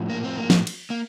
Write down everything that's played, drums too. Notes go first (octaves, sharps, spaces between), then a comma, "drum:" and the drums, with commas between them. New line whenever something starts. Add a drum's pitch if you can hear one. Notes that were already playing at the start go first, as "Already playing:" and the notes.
Already playing: A2 F3
A#3
C4
A#3
drum: snare
drum: cymbal
A#3